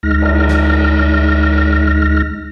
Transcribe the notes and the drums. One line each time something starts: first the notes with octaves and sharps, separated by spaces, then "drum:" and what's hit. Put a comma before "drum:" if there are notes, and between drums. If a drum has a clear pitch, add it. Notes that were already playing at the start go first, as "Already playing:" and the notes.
D2 G#3 D#4 F6 A#6
drum: cymbal
drum: snare